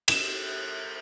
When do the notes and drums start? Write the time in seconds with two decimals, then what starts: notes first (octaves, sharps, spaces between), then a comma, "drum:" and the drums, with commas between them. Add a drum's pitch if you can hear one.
0.08 E7, drum: cymbal